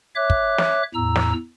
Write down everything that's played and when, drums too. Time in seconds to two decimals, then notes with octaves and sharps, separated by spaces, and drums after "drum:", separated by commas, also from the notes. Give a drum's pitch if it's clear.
0.15 C#5 E5 D6 F#6
0.30 drum: kick
0.58 drum: snare
0.94 E2 A2 A#5 E6
1.16 drum: snare